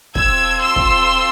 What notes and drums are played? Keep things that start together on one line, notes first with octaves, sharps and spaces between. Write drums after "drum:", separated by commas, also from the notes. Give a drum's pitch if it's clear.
C4 F4 A4 E6 G#6, drum: kick
C6 E6
drum: kick